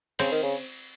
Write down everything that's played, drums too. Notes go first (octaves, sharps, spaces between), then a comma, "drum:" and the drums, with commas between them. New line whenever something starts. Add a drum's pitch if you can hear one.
C#3 C4, drum: cymbal
D#3
C#3